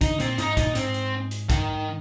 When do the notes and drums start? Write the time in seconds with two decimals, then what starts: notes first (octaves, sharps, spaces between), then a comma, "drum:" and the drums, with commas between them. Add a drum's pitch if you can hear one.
0.01 D3 D#4, drum: kick A#1, hi-hat
0.20 A#2 C4, drum: hi-hat
0.38 G#2 D#4, drum: hi-hat
0.57 A#2 D#4, drum: kick A#1, hi-hat
0.75 G#2 C4, drum: hi-hat
0.94 drum: hi-hat
1.31 drum: hi-hat
1.50 D#3, drum: kick A#1, hi-hat